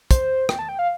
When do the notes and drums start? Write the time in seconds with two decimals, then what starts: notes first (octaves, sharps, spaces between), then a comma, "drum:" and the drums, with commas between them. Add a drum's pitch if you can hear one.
0.11 C5, drum: kick, hi-hat
0.49 G5, drum: rim click
0.59 A5
0.69 G5
0.79 F5